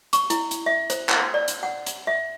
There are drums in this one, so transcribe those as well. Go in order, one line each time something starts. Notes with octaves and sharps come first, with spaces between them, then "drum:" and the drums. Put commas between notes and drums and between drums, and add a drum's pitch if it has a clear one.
C#6, drum: hi-hat
E4, drum: hi-hat
drum: hi-hat
E5
C5, drum: hi-hat
drum: clap
D5
drum: hi-hat
F#5
drum: hi-hat
E5